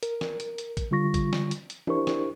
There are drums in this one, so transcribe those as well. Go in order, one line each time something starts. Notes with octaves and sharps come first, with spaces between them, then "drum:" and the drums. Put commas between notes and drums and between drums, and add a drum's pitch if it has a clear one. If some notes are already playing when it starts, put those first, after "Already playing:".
A#4, drum: hi-hat
drum: snare
drum: hi-hat
drum: hi-hat
drum: kick A1, hi-hat
D3 G3 F4 C#6 A#6
drum: kick A1, hi-hat
drum: snare
drum: hi-hat
drum: hi-hat
D4 E4 G4 A#4 C5 C#6, drum: tom E3
drum: snare